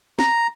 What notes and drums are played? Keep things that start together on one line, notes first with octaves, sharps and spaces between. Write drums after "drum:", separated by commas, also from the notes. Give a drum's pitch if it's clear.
A#5, drum: snare